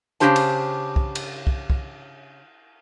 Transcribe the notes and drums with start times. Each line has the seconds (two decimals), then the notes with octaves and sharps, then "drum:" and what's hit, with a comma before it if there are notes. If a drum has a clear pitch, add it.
0.20 C#3 G3 D4 G4 C5 A5, drum: hi-hat
0.36 drum: cymbal
0.96 drum: kick
1.15 drum: cymbal
1.47 drum: kick
1.70 drum: kick